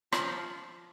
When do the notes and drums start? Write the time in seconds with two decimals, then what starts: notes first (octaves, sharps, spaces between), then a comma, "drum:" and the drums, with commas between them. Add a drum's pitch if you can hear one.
0.12 F3, drum: rim click